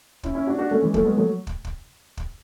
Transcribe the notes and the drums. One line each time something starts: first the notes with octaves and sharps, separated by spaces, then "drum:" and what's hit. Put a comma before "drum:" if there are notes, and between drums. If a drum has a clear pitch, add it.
C#4 E4, drum: kick
C#4 E4
D4 F#4
D4 F#4
A3 C#4
E3 G#3
F#3 A3, drum: kick
G#3 B3
F#3 A3
drum: kick
drum: kick
drum: kick